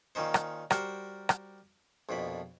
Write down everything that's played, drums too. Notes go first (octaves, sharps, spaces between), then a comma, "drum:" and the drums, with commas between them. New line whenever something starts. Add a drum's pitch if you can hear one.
A#2 D#3 C#4 D#4 C5
drum: rim click
G3 F#4 A#4 C5, drum: rim click
drum: rim click
A#1 F2 B2 B5